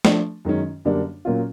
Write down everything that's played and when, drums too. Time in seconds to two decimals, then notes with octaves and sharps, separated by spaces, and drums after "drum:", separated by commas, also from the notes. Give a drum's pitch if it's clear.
0.05 F3 A3 D4, drum: snare
0.45 F#2 D#3 G#3 C#4
0.85 F#2 D3 G3 A#3 D4
1.25 A#2 F#3 A#3 C#4 F4